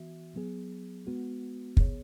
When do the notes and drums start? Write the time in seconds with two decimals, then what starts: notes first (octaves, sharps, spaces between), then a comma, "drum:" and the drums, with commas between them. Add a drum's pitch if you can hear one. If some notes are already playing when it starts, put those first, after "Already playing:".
Already playing: E3 B3 F#4 E5
0.36 F#3 B3 G#4
1.07 G#3 B3 F#4
1.77 B2 B3 G#4 C#5, drum: kick